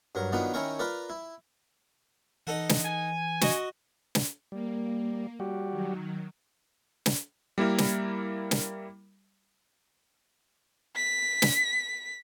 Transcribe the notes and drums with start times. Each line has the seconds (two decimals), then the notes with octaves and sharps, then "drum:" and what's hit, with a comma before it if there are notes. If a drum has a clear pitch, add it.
0.15 G2 F#3 A#4
0.32 D#3 F#3 B3 D4 D#4 F4
0.54 D#3 C#4 E4 A#4 G5 C#6
0.79 F4 A#4 B4 D5
1.10 E4
2.47 E3 D#4 A4 F#5
2.69 drum: snare
2.85 G#5
3.41 F#4 D#5, drum: snare
4.15 drum: snare
4.52 G3 A#3
5.40 G3 F#4 G4
5.70 D#3 F#3
7.06 drum: snare
7.58 G3 A#3 E4 A#4
7.78 drum: snare
8.51 drum: snare
10.96 B6
11.42 drum: snare